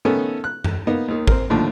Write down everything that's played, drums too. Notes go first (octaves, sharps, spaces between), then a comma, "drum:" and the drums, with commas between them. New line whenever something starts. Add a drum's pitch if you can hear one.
D#3 A3 B3 C#4 A4
F#6
drum: tom
A#3 B3 D#4
D#2 D#3
C4 A#4, drum: kick G#1
D#2 A2 D3 F3